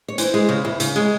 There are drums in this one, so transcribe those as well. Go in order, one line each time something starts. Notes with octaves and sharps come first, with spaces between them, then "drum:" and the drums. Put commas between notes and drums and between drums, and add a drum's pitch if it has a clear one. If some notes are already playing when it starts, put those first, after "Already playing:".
C#5
E3 C5, drum: hi-hat
G#3
C#3
E2
C#3, drum: hi-hat
G#3